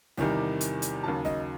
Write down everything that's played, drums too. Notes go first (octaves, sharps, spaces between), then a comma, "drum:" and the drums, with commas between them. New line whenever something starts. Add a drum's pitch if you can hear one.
E2 C3 D#3 G3, drum: snare
drum: hi-hat
drum: hi-hat
D#2 C#3 F#3 A5
D#5, drum: snare